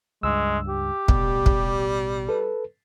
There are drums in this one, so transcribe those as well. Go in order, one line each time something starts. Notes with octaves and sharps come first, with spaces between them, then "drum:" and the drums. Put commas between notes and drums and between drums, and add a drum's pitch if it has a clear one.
C#2 G2 G#3 E6
G4
A1 B2 G3, drum: kick
drum: kick
A4 B4